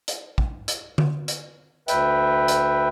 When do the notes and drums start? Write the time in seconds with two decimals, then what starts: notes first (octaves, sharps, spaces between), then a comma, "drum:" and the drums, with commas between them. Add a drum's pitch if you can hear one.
0.08 drum: hi-hat
0.38 drum: kick
0.68 drum: hi-hat
0.98 drum: tom D3
1.28 drum: hi-hat
1.88 D2 B4 E5 G5, drum: hi-hat
2.48 drum: hi-hat